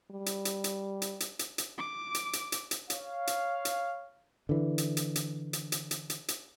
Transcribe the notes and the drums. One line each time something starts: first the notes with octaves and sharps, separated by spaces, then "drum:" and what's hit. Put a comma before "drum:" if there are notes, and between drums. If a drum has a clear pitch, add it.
G3
drum: hi-hat
drum: hi-hat
drum: hi-hat
drum: hi-hat
drum: hi-hat
drum: hi-hat
drum: hi-hat
D6
drum: hi-hat
drum: hi-hat
drum: hi-hat
drum: hi-hat
C#5 F5, drum: hi-hat
drum: hi-hat
drum: hi-hat
D3 E3
drum: hi-hat
drum: hi-hat
drum: hi-hat
drum: hi-hat
drum: hi-hat
drum: hi-hat
drum: hi-hat
drum: hi-hat